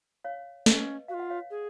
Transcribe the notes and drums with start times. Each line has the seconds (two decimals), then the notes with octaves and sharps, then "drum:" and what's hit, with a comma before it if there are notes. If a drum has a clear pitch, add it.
0.24 C#5 F5
0.66 C#4 B4 D#5, drum: snare
1.08 F#4 F5
1.14 F4
1.20 F#5
1.30 C#5 F5
1.51 G#4